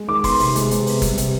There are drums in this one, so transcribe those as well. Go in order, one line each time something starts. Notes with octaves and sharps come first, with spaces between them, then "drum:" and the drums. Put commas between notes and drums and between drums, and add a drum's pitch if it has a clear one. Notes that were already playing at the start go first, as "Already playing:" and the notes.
Already playing: G#3
D#3 D6
B3 C6, drum: kick, open hi-hat
C3, drum: open hi-hat
G#3, drum: hi-hat
C3, drum: hi-hat
B3, drum: open hi-hat
G3, drum: kick, hi-hat
C3, drum: hi-hat